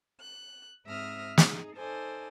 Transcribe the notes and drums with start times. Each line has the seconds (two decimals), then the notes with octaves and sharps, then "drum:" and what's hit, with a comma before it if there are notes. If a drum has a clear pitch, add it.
0.22 F#6
0.86 G#2 C4 E5 D#6 F6 A#6
1.38 D#4 G#4, drum: snare
1.77 D#4 A4 C5 D5 G#5